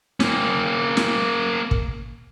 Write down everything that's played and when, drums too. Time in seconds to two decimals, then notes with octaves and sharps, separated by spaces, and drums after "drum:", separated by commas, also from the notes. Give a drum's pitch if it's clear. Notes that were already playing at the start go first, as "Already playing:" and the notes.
0.20 A#3 C#4, drum: snare
0.97 drum: snare
1.71 drum: kick